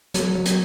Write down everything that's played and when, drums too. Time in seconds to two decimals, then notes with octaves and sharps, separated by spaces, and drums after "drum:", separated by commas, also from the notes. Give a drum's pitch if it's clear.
0.14 F#3, drum: hi-hat
0.35 F#3
0.46 drum: hi-hat